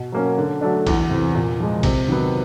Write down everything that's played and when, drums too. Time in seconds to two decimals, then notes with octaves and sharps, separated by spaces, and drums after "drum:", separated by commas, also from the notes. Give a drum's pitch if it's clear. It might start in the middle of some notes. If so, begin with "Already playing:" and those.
Already playing: B2
0.12 F#3 A#3 C#4
0.38 D3
0.61 F#3 A3 D4
0.87 E2, drum: kick A#1, cymbal
1.10 C3 E3
1.35 A#2
1.60 F3 G#3
1.83 C3, drum: kick A#1, cymbal
2.08 D#3 F#3 B3